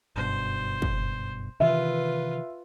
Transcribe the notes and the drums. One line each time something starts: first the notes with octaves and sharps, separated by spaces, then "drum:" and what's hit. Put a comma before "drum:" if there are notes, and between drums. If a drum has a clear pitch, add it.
F#1 G2 B2 C5
drum: kick
C3 D#3 E3 F4 B4 E5